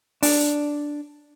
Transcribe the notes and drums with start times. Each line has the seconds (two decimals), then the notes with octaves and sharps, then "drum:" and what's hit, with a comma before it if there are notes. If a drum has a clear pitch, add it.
0.23 D4, drum: open hi-hat